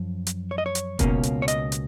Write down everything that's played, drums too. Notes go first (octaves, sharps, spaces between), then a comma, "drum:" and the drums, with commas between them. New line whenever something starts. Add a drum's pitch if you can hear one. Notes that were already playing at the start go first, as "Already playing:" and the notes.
Already playing: F#2 F3
drum: hi-hat
C#5
D#5
C#5
drum: hi-hat
C#2 B2 A#3 C#4, drum: kick F#1, hi-hat
drum: hi-hat
C#5
D#5, drum: hi-hat
drum: hi-hat